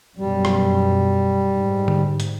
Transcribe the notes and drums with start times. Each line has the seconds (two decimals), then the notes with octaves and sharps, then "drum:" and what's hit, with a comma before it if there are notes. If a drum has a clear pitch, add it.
0.17 F#2 B2 G3
0.45 drum: rim click
1.55 G#2
1.88 drum: tom D3
2.20 drum: hi-hat